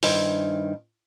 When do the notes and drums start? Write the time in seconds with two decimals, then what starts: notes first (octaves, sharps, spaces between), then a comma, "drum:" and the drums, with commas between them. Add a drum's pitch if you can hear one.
0.03 G2 D#3 E4 C5 G#5, drum: open hi-hat